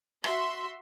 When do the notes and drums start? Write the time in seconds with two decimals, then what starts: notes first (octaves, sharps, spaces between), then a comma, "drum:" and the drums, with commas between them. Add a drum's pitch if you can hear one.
0.24 F#4 E5 C6, drum: rim click